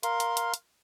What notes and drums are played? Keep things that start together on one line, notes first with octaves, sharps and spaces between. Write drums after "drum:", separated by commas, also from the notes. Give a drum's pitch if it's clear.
A#4 F5 C6, drum: hi-hat
drum: hi-hat
drum: hi-hat
drum: hi-hat